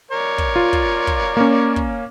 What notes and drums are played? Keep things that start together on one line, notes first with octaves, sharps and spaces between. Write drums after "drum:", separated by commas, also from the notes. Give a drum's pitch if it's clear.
A#4 C#5 D5
drum: kick
F4
drum: kick
drum: kick
A#3 C#4
drum: kick